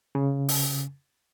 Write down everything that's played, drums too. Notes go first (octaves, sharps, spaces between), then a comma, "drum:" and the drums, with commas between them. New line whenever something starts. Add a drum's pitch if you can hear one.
C#3
drum: open hi-hat